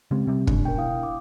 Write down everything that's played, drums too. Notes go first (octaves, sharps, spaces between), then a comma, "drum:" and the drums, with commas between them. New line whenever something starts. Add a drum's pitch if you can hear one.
C#3 G#3 C4 G4
C3 G3
G1 G#2 C#3 D4, drum: kick
B2 A#4 G5
E4 F5 D#6
D6